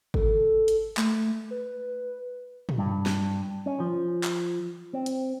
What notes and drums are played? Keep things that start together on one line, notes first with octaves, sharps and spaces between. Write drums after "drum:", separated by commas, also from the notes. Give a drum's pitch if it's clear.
A4, drum: kick G#1
drum: hi-hat
A3, drum: clap
B4
drum: tom
G2
drum: snare
C#4
F3
drum: clap
C4
drum: hi-hat